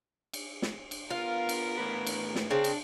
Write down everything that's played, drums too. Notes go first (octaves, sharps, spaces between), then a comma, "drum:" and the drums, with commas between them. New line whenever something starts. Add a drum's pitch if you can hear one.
drum: cymbal
drum: snare
drum: cymbal
B3 F4 A#4 F5
drum: cymbal
A2 B4
drum: cymbal
drum: snare
C#3 C4 D4
drum: cymbal